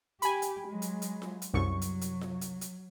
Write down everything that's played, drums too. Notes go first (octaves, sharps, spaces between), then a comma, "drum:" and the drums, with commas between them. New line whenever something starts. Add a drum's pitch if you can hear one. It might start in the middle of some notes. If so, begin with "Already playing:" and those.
G4 G#5 B5, drum: hi-hat
drum: hi-hat
F#3 G#3
drum: hi-hat
drum: hi-hat
drum: snare F4
drum: hi-hat
C2 F#2 F#3 C#6
drum: hi-hat
drum: hi-hat
drum: snare F4
drum: hi-hat
drum: hi-hat